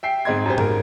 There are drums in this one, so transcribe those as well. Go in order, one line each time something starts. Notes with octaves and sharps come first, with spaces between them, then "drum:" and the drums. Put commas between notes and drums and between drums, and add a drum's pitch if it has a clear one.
E5 G5 C7
G#2 C4 D#5 C6 G#6
F#2 G4 C5
G#2 A#4, drum: tom G2